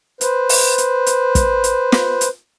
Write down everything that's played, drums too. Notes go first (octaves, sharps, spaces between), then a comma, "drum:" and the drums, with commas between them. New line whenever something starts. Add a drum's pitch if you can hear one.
B4 C5, drum: hi-hat
drum: open hi-hat
drum: hi-hat
drum: hi-hat
drum: kick, hi-hat
drum: hi-hat
drum: snare
drum: hi-hat